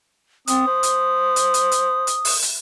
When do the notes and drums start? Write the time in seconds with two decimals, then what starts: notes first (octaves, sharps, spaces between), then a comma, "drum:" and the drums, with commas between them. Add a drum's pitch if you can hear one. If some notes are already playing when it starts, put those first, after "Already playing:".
0.47 C4 D#6, drum: hi-hat
0.67 C5
0.83 drum: hi-hat
1.36 drum: hi-hat
1.54 drum: hi-hat
1.72 drum: hi-hat
2.07 drum: hi-hat
2.25 drum: open hi-hat
2.42 drum: hi-hat